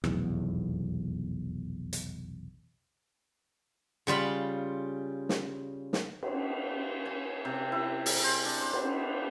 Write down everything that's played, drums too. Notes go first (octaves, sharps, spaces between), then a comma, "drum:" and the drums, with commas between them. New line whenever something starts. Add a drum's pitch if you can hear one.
F1 B1 E2, drum: rim click
drum: hi-hat
C#3 G3 F4 B5
drum: snare
drum: snare
drum: cymbal
G#5
C3
E4
G#4, drum: open hi-hat
C5
D4
C5
drum: cymbal